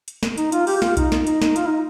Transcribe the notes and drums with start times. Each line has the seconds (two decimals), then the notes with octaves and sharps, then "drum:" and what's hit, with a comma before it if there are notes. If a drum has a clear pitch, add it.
0.08 drum: hi-hat
0.23 drum: snare
0.38 D#4, drum: hi-hat
0.52 F4, drum: hi-hat
0.67 G4, drum: open hi-hat
0.77 G4
0.82 F4, drum: snare
0.97 D#4, drum: kick B1, hi-hat
1.12 drum: snare
1.27 D#4, drum: hi-hat
1.42 D#4, drum: snare
1.56 F4, drum: hi-hat
1.66 D#4